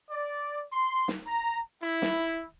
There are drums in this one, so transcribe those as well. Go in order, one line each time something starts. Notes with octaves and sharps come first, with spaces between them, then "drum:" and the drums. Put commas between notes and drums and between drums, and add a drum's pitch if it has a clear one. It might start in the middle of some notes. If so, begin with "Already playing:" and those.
D5
C6
drum: snare
A#5
E4
drum: snare